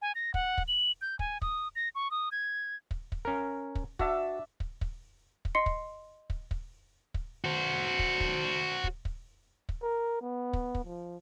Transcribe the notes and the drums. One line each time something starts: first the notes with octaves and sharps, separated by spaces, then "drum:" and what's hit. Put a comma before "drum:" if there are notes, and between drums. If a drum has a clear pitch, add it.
G#5
A#6
F#5, drum: kick
drum: kick
F#7
G6
G#5, drum: kick
D#6, drum: kick
A#6
C#6
D#6
G#6
drum: kick
drum: kick
C#4 A#4
drum: kick
D4 F#4 E5 A5, drum: kick
drum: kick
drum: kick
drum: kick
D#5 C6 C7 C#7
drum: kick
drum: kick
drum: kick
drum: kick
F#4 C5
drum: kick
drum: kick
drum: kick
drum: kick
drum: kick
A#4
B3
drum: kick
drum: kick
F3